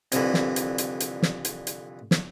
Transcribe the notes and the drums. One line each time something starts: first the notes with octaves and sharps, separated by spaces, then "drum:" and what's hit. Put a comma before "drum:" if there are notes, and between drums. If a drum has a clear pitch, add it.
C2 F2 D3 E3, drum: hi-hat
drum: snare
drum: hi-hat
drum: hi-hat
drum: hi-hat
drum: snare
drum: hi-hat
drum: hi-hat
drum: snare